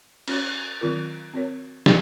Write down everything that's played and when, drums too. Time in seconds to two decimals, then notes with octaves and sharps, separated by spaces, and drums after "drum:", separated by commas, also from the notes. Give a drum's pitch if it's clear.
0.28 C#4 F#4 C#5, drum: cymbal
0.81 D#3 F#3 C4 F4 A#4
1.34 C4 F#4 A#4 C#5
1.86 G#4, drum: snare